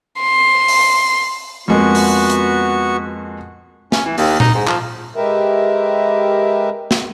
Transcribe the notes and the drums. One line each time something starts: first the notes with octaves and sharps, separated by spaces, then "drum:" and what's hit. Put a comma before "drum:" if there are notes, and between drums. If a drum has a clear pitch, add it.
C6
drum: open hi-hat
F2 G#3 A#3 B3 F#4 C#6
drum: open hi-hat
drum: hi-hat
C#4, drum: snare
E3
D#2, drum: open hi-hat
D#4, drum: tom A#2
G#2
F3, drum: clap
G#3 G4 A#4 B4 E5
drum: snare